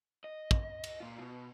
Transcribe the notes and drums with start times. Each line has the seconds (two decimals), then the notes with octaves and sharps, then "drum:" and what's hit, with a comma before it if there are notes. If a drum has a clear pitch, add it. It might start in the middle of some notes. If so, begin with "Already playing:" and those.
0.24 D#5
0.51 drum: kick
0.84 drum: cymbal
1.00 A#2 F4
1.19 B2